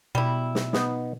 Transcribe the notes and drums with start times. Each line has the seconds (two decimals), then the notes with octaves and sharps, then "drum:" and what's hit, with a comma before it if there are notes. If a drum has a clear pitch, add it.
0.15 B2 G3 E4
0.55 drum: snare
0.73 B3 D#4 F#5, drum: snare